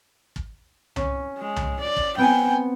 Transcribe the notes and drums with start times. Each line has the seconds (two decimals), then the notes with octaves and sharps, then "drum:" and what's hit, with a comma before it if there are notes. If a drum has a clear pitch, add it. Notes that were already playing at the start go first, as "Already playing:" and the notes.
0.36 drum: kick
0.96 C#4, drum: tom C2
1.38 G#3
1.56 drum: tom C2
1.80 D5
1.96 drum: kick
2.17 B3 C4 G5 G#5